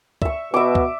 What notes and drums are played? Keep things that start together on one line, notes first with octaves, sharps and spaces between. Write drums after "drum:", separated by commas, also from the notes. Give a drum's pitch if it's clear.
E5 C#6, drum: kick
B2 E5 D6
drum: kick